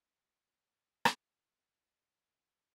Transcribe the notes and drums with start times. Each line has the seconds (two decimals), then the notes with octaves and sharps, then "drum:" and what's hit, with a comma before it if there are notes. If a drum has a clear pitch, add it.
0.71 F#5
1.05 drum: rim click
1.17 G3 A#3 D#5
1.49 E2 F#4 D6
2.13 F3 A3 G4 B5